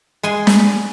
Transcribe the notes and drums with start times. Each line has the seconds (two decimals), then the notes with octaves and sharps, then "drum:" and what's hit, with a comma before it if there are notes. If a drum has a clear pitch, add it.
0.23 G#3 G#5 C6
0.47 drum: snare